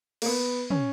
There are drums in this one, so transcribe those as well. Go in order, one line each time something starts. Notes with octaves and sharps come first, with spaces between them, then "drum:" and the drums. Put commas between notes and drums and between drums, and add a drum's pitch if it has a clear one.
A#3, drum: cymbal
B3
C#4, drum: tom